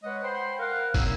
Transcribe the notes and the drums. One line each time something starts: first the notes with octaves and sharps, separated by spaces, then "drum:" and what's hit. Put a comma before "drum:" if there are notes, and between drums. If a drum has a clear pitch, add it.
G#3 B4 C#5 D#5 F#5
C5 F#5 G5 B5 C6
A#4 F5 F#5
F#3 A#3 C4 D#4 E4, drum: kick, open hi-hat